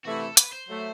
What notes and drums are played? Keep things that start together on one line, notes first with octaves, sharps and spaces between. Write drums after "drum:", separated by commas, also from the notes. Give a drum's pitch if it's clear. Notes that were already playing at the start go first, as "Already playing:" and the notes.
C3 E3 A3 E4 F#4
A4
B4, drum: hi-hat
C5
F#3 A3